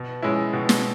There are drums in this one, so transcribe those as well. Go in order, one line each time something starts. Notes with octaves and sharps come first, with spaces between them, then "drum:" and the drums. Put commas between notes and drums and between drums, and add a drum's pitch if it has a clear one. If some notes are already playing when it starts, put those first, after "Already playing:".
Already playing: B2
G#3 C#4 E4
B2
drum: snare